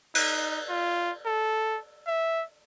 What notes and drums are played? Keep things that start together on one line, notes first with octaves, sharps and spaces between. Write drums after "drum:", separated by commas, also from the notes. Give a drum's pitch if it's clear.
D#4, drum: cymbal
F4
A4
E5